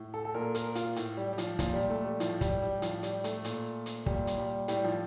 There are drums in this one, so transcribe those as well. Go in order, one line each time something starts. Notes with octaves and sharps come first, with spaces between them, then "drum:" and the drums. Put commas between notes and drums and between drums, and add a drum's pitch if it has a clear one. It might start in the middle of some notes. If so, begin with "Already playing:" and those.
Already playing: A2
A4
A4
A#2 A#4
A#4, drum: hi-hat
F4, drum: hi-hat
A2, drum: hi-hat
G3
G3
F3, drum: hi-hat
A#2 F3, drum: kick, hi-hat
G3
A3
G3
A2 F3, drum: hi-hat
G3, drum: kick, hi-hat
G3
A2 F3, drum: hi-hat
G3, drum: hi-hat
A3, drum: hi-hat
A#2, drum: hi-hat
drum: hi-hat
A#2 G3, drum: kick
drum: hi-hat
G3
A2 G3, drum: hi-hat
F3